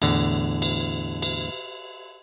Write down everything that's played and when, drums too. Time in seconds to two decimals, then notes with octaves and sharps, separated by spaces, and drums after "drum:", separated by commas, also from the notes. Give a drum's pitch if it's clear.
0.02 E2 A2 D3, drum: cymbal
0.62 drum: cymbal
1.22 drum: cymbal